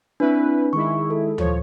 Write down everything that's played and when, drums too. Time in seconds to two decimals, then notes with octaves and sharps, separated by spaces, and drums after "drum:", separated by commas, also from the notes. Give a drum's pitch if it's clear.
0.20 C4 D4 E4 B4
0.73 D#3 G#3 E4 C#6
1.10 A4
1.38 F3 C#5, drum: tom D2